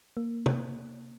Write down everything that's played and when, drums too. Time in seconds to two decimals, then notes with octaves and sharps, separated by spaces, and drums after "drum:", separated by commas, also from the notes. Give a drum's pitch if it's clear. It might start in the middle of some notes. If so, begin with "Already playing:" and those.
0.17 A#3
0.46 drum: tom